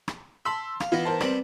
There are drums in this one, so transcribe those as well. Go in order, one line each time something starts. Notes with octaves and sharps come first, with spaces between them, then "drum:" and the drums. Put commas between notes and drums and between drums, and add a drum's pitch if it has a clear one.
drum: rim click
A5 B5 C6 E6
F5, drum: rim click
E3 B3 D#4 F4
A#4 C5 A5
G3 B3 C4, drum: rim click